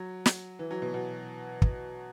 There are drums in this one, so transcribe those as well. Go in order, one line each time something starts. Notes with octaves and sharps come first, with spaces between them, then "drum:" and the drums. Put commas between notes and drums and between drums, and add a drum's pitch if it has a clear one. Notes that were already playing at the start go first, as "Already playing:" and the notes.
Already playing: F#3
drum: snare
E3
F#3
B2
B2
drum: kick